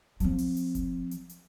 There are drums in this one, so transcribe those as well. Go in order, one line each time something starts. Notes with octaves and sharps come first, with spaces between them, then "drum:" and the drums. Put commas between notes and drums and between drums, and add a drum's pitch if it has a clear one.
F3 C4, drum: hi-hat
drum: open hi-hat
drum: hi-hat
drum: kick F#1, hi-hat
drum: hi-hat
drum: hi-hat